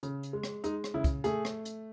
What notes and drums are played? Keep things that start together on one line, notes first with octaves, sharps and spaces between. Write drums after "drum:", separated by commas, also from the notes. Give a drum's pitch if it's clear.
C#3, drum: hi-hat
drum: hi-hat
G#3
drum: rim click
G#3 D#4, drum: hi-hat
drum: rim click
C#3 E4
drum: kick, hi-hat
A3 G#4, drum: hi-hat
drum: rim click
drum: hi-hat